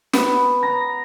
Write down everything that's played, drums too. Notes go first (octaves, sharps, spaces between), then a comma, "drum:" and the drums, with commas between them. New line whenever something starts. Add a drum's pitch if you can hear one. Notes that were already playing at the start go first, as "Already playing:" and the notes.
B3, drum: snare
A#5